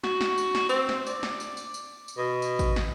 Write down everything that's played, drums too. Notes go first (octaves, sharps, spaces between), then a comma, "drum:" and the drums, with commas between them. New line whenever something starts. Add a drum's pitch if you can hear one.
F#4, drum: snare
drum: snare
drum: tambourine
drum: snare
C4, drum: tambourine
drum: snare
D5, drum: tambourine
drum: snare
drum: tambourine
drum: tambourine
drum: tambourine
drum: tambourine
B2
drum: tambourine
drum: kick, tambourine
drum: snare